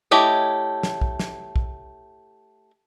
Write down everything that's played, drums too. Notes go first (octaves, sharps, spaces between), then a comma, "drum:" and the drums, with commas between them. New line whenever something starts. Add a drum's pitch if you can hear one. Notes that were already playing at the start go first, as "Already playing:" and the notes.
A3 E4 G4 C#5 D#5
drum: snare
drum: kick
drum: snare
drum: kick